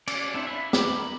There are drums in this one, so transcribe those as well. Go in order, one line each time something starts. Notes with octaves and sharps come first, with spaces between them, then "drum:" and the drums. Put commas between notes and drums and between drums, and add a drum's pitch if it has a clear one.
C#4 D5, drum: cymbal
C4 D4 E4
E5 B5
A#4 B5 D6, drum: snare
B5